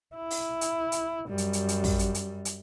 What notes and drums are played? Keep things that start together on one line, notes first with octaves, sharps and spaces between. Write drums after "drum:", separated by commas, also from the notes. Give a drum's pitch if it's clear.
E4
drum: open hi-hat
drum: hi-hat
drum: hi-hat
F#2 G3
drum: hi-hat
drum: hi-hat
drum: hi-hat
drum: kick, open hi-hat
drum: hi-hat
drum: hi-hat
drum: hi-hat